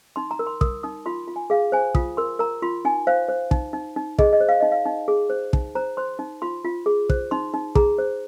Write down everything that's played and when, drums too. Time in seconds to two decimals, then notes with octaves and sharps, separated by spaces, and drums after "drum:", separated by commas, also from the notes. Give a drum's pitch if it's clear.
0.16 D#4 C6
0.31 A#5
0.39 A#4
0.47 C6
0.61 A#4 D#6, drum: kick
0.83 D#4 D#6
1.06 F4 C6
1.28 F4
1.36 G#5
1.50 G#4 F5
1.72 C5 G#5
1.95 F4 D#6, drum: kick
2.17 A#4 C6
2.39 A#4 A#5
2.62 F4 C6
2.85 D#4 G#5
3.07 C5 F5
3.29 C5
3.51 D#4, drum: kick
3.73 D#4
3.96 D#4
4.19 G#4 D#5, drum: kick
4.33 D#5
4.40 C5
4.49 F5
4.60 D#4 D#5
4.72 F5
4.86 D#4
5.08 G#4
5.30 C5
5.53 D#4, drum: kick
5.75 C5 A#5
5.97 C5 C6
6.19 D#4
6.42 F4 C6
6.64 F4
6.86 G#4
7.09 C5, drum: kick
7.31 D#4 C6
7.54 D#4
7.75 G#4 A#5, drum: kick
7.98 C5